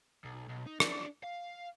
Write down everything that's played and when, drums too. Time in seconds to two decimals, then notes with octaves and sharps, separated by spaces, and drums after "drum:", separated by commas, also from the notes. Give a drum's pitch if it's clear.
0.25 B1
0.48 B1
0.66 D#4
0.80 D4, drum: rim click
1.24 F5